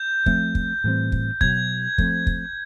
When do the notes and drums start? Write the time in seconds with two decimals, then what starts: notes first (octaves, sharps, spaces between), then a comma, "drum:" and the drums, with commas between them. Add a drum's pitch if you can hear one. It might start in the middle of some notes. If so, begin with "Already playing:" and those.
Already playing: G6
0.26 F3 A3 C4, drum: kick
0.55 drum: kick
0.84 A2 E3 G3 C4
1.12 drum: kick
1.41 B2 F#3 B3 G#6, drum: kick
1.98 F3 A3 C4, drum: kick
2.27 drum: kick